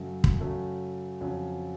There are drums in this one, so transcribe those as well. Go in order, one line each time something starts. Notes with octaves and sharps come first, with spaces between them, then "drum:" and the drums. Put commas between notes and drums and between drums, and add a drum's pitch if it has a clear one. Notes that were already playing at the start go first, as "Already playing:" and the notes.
Already playing: F#2 C#3 F#3 A3
drum: kick
F#2 C#3 F#3 A3
F2 C#3 F#3